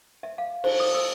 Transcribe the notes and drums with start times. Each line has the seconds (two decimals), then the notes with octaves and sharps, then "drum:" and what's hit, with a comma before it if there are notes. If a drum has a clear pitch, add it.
0.23 E5
0.38 F5
0.64 C5, drum: cymbal
0.80 D#6
0.94 E6